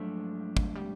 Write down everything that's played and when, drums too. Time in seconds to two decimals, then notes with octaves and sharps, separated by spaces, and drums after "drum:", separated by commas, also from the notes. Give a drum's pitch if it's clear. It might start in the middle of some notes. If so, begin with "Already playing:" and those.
Already playing: G#2 F3 F#3 A3 D4
0.57 drum: kick
0.75 G3